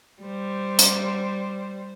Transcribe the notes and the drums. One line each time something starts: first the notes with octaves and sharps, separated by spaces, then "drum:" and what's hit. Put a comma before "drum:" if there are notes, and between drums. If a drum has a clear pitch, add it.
G3 C5
drum: hi-hat